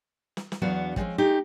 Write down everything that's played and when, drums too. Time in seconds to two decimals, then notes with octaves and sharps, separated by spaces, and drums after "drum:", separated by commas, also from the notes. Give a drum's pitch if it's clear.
0.37 drum: snare
0.52 drum: snare
0.62 E2 F#3 B3 D4 F#4 F5
0.96 F3 G3 G#3 C4 C#4, drum: kick
1.18 G#3 A3 D#4 G4